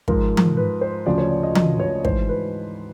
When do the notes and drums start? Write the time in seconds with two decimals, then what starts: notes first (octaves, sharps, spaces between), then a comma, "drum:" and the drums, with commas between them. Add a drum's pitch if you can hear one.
0.08 G#2 F3 A#4, drum: kick
0.37 drum: tom E3
0.57 B4
0.81 C5
1.06 D2 C#3 F3 D5
1.18 C#5
1.30 D5
1.43 D#5
1.55 D#5, drum: tom E3
1.80 C#5
2.05 G#2 E3 C5, drum: kick
2.29 B4